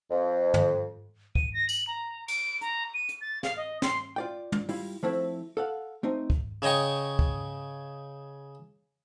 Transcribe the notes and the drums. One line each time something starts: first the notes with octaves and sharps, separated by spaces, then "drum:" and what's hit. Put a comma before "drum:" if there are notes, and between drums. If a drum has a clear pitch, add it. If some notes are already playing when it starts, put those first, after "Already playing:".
F2
drum: tom
D#7, drum: kick
A#6
F#7, drum: tambourine
A#5
D7, drum: cymbal
A#5, drum: hi-hat
D#7
drum: hi-hat
A6
F5, drum: snare
D#5
C6, drum: snare
F4 D5 G5
drum: tom
G3 E4 F4, drum: open hi-hat
F3 A3 C4 E4
A4 F5 F#5
A3 C4 D#4
drum: kick
C#3 C#5 D#5 G5 C#6
drum: kick